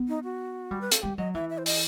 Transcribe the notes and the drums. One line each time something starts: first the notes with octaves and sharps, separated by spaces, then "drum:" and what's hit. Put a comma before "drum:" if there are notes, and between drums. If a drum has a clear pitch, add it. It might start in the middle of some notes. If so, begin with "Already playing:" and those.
Already playing: B3
D#4
F#4
G3
B4
A4, drum: hi-hat
G3 G4
F#3 D#5
E3 E5
E5
C5
D#5, drum: open hi-hat